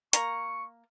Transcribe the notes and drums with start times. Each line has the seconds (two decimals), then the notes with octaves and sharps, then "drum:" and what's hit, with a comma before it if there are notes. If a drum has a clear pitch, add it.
0.13 A#3 A#5 C#6, drum: hi-hat